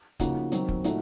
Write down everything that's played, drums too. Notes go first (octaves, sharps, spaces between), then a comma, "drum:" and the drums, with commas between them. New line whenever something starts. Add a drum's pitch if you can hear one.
C#3 F3 A#3 D#4 F#4, drum: kick, hi-hat
D#3 F#3 C4 D#4, drum: hi-hat
drum: kick
A#2 A3 D#4 F#4, drum: hi-hat